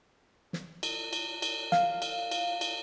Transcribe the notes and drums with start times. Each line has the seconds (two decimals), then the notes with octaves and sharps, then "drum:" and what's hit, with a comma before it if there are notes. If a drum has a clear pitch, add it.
0.53 drum: snare
0.83 drum: cymbal
1.13 drum: cymbal
1.42 drum: cymbal
1.72 F5, drum: snare
2.02 drum: cymbal
2.31 drum: cymbal
2.61 drum: cymbal